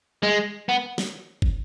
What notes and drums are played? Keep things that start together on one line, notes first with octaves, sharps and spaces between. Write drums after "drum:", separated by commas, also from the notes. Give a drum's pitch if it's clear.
G#3
B3
drum: snare
drum: kick